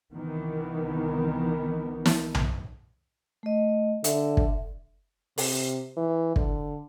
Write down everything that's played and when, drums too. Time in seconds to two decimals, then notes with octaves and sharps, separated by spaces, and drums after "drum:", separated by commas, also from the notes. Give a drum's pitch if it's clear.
0.13 C2 D#3 E3 B3
2.06 drum: snare
2.35 drum: tom B1
3.43 A3 D#5
4.04 D3 E5, drum: hi-hat
4.37 drum: kick
5.38 C3, drum: open hi-hat
5.97 E3
6.36 D3, drum: kick